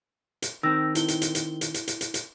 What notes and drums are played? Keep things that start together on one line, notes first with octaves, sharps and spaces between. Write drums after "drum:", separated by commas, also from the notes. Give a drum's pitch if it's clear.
drum: hi-hat
D#3 C4 E6 A#6
E4 G7, drum: hi-hat
drum: hi-hat
drum: hi-hat
drum: hi-hat
drum: hi-hat
drum: hi-hat
drum: hi-hat
drum: hi-hat
drum: hi-hat